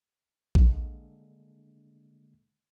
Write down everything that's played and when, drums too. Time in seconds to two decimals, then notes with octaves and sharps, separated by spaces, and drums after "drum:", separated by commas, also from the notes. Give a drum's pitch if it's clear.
0.55 D3 G#3 A#3 D4, drum: kick